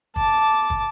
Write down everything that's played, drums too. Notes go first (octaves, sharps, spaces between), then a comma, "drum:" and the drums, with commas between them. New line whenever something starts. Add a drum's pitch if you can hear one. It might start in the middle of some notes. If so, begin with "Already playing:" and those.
A5 D6, drum: kick
drum: kick